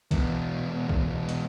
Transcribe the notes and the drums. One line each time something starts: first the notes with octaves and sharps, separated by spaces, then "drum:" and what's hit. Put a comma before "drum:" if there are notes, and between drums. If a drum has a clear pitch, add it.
E2 B2, drum: kick, hi-hat
drum: kick
drum: hi-hat